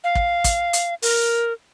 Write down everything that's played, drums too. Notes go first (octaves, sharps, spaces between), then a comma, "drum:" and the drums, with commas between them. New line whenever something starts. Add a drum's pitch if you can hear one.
F5
drum: kick
drum: kick, hi-hat
drum: hi-hat
A#4, drum: open hi-hat